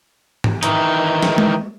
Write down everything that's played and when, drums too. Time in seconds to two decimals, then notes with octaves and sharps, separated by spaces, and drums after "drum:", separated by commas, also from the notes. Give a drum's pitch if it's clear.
0.44 drum: tom G#2
0.63 D#3 E3 D#4, drum: hi-hat
1.22 drum: snare
1.38 drum: tom G#3